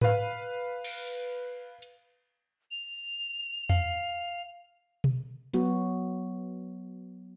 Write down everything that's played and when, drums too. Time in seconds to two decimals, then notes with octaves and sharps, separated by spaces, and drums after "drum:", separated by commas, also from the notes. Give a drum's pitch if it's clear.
0.01 B4 F5, drum: tom G#2
0.84 drum: cymbal
1.07 drum: hi-hat
1.82 drum: hi-hat
2.71 F7
3.70 F5, drum: tom E2
5.04 drum: tom B2
5.53 F#3 B3 F#4, drum: hi-hat